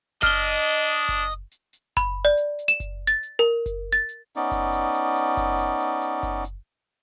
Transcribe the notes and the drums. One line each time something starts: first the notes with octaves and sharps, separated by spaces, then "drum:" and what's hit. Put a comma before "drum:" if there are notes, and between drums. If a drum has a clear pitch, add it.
D4 D#5 F6 G7, drum: kick F#1, hi-hat
drum: hi-hat
drum: hi-hat
drum: hi-hat
drum: kick F#1, hi-hat
drum: hi-hat
drum: hi-hat
drum: hi-hat
B5, drum: kick F#1, hi-hat
D5
drum: hi-hat
drum: hi-hat
E7
drum: kick F#1, hi-hat
A6
drum: hi-hat
A#4
drum: kick F#1, hi-hat
A6
drum: hi-hat
B3 C#4 D#4 D5
drum: kick F#1, hi-hat
drum: hi-hat
drum: hi-hat
drum: hi-hat
drum: kick F#1, hi-hat
drum: hi-hat
drum: hi-hat
drum: hi-hat
drum: kick F#1, hi-hat
drum: hi-hat